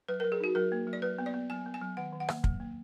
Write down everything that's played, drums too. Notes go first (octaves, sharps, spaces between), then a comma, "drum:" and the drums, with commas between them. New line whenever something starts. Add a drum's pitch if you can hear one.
F#3 B4
F#3 A#4
G#4
D#4 F#4
F#3 A#4
A#3
F#3
D5
F#3 B4
B3
D5
B3
F#3 G#5
B3
G#5
F#3
D#3 F#5
D#3
F#5
A#3, drum: rim click
F#3, drum: kick
A#3